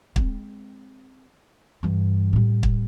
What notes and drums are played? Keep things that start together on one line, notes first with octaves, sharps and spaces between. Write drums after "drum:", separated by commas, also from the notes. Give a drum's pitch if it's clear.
G#3 C4, drum: kick
G2 E3
A2 G3
drum: kick